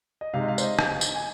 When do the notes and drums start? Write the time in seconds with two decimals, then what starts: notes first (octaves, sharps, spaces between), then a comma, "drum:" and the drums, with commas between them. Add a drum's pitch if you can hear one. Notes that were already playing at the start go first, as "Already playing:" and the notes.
0.21 D#5
0.34 C3 G#3 D#4 F5
0.43 D#5
0.48 F5
0.58 C5, drum: tambourine
0.63 D#5
0.79 drum: rim click
1.01 drum: tambourine
1.15 G#5